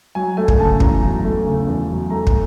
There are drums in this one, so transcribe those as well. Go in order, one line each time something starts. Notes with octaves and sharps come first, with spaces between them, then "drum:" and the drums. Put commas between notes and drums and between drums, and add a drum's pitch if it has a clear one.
F#3 G#5
A3 G#5
drum: kick
C#3 A5
E2 A#5, drum: kick
F#3
A3
C#3
E2
F#3
A3 A#5
drum: kick